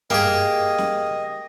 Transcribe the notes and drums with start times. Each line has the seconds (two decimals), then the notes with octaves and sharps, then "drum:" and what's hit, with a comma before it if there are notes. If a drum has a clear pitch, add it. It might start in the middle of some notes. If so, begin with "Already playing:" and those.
0.10 A#3 G4 G#4 D#5, drum: tom G2
0.78 drum: snare C#4